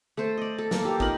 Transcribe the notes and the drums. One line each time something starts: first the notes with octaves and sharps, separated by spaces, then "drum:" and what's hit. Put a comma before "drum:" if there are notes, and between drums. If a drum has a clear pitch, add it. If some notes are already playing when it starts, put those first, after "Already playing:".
A3 A4 C5
D5 D#5
A4
A#3 A4 F5, drum: snare
G4
D#4 F4 A#4 B5, drum: kick